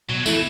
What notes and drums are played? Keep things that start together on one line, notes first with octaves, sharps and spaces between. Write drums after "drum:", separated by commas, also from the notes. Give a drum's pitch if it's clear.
B2 F#3
E3 A3 E4, drum: tambourine